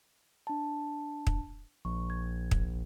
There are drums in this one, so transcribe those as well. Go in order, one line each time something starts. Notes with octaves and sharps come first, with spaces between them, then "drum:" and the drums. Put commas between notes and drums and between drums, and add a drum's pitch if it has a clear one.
D4 A5
drum: kick
A#1 C#6
G#6
drum: kick